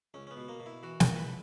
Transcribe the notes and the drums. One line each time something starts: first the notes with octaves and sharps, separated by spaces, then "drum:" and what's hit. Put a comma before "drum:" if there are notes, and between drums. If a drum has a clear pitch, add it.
C#2 C#4
C#4
B3
B2
A#3
B2
E4
E3 F#4
A#4, drum: snare
C#2
B4